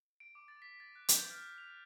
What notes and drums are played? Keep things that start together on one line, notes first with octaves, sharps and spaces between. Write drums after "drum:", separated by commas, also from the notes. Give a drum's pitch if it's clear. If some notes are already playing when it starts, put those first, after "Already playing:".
D7
D6
A6
B6
A6
F#6
G6, drum: hi-hat
F6
F7